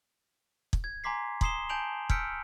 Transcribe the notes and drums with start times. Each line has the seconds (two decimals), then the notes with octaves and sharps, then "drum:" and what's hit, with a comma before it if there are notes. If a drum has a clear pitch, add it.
0.73 drum: kick
0.84 G#6
1.04 G#5 A#5 C6 D6 B6 C7
1.41 A#5 C6 D#6 C7 E7 G7, drum: kick
1.69 G#5 A5 G6 D7 F7 F#7
2.10 E6 F6 G6 B6 C#7 D7, drum: kick